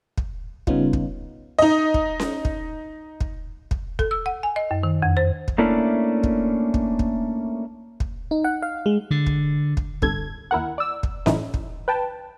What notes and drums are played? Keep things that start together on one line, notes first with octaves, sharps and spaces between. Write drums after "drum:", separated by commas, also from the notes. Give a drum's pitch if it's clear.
drum: kick
C#3 G3 B3 C#4 D#4 F4, drum: kick
drum: kick
D#4 D#5
drum: kick
drum: snare C#4
drum: kick
drum: kick
drum: kick
A4, drum: kick
E6
F#5
G#5
D#5
F#2
D#3
F2
C5
drum: kick
A3 A#3 C#4 D4 E4
drum: kick
drum: kick
drum: kick
drum: kick
D#4
F#5
F5
G#3
D3
drum: kick
drum: kick
G1 C2 G2 D3 A4 G#6, drum: kick
D#2 E4 A#4 F#5
D5 E6
drum: kick
F#2 A2 E3 C#4 D#4 E4, drum: snare C#4
drum: kick
B4 G5 A5